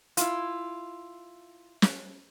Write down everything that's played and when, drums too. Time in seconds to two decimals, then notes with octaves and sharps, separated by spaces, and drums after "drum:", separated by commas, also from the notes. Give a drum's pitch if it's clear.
0.17 E4 F4, drum: hi-hat
1.82 drum: snare